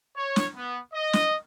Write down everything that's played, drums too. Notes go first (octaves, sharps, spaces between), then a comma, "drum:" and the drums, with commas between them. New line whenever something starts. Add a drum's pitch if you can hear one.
C#5
drum: snare
B3
D#5
drum: snare